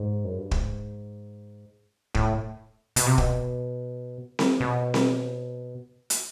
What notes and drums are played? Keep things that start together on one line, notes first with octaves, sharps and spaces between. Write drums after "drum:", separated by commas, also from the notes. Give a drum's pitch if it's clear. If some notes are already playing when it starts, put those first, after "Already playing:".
Already playing: G#2
F#2
G2
G#2, drum: kick
A2, drum: kick
B2, drum: hi-hat
C3
B2, drum: kick
drum: snare C4
B2
drum: snare C4
drum: hi-hat